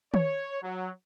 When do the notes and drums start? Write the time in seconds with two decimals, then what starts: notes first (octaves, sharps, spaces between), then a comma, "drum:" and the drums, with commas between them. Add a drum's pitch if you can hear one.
0.14 C#5, drum: tom D#3
0.63 F#3